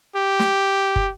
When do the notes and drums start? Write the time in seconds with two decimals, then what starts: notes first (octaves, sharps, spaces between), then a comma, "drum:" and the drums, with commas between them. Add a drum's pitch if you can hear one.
0.16 G4
0.39 drum: snare
0.96 drum: kick